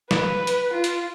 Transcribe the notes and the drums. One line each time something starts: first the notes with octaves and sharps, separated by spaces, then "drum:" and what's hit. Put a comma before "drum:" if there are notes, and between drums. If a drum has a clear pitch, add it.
B4, drum: snare
drum: hi-hat
F4
drum: hi-hat